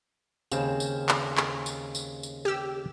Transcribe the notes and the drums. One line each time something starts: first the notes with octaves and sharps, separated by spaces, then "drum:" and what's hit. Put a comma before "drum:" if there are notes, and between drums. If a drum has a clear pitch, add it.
D#2 C#3 C4 E7, drum: tambourine
drum: tambourine
drum: clap
drum: clap
drum: tambourine
drum: tambourine
drum: tambourine
G4 E6